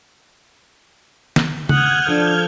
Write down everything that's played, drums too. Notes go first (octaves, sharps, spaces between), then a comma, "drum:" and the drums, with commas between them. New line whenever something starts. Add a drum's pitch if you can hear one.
drum: snare
F#5 D#6 F6 G6 G#6, drum: tom C#3
F3 D4 A4